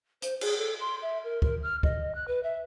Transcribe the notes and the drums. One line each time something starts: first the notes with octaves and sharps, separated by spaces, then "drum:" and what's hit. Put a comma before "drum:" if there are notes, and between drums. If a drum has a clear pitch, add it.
C5, drum: hi-hat
G#4, drum: cymbal
A4
C6
E5
A#4
A#4, drum: kick
F6
D#5, drum: kick
F#6
B4
E5